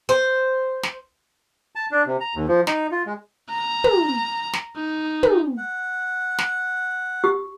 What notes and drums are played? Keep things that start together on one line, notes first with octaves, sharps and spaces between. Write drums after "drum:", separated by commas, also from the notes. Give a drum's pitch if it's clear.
C5
drum: snare
A5
D4
C3
A#5
D#2
F3
D#4, drum: snare
F4
G#3
A#5
drum: tom
drum: snare
D#4
drum: tom
F#5
drum: snare
G4